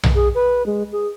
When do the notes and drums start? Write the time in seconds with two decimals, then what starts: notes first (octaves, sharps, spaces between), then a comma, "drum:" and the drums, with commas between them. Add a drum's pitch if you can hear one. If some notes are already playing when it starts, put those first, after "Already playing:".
0.03 drum: tom B1
0.15 G#4
0.35 B4
0.66 G#3
0.92 G#4